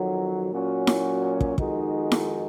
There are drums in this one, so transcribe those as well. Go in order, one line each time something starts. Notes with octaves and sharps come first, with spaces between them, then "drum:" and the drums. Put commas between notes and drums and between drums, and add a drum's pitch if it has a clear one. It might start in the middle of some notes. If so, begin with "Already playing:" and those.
Already playing: F2 D#3 F#3
A#2 F#3 C#4 F#4
drum: snare E4
drum: kick
F2 D#3 G#3 D#4 F#4, drum: kick
drum: snare E4